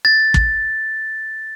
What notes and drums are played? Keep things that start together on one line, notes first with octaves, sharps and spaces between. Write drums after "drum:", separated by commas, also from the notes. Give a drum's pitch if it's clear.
A6
drum: kick